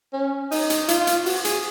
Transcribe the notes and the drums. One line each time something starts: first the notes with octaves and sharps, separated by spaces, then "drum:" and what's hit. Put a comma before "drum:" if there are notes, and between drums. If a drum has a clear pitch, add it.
C#4
D#4, drum: open hi-hat
drum: hi-hat
F4, drum: hi-hat
drum: hi-hat
F#4, drum: open hi-hat
G#4, drum: hi-hat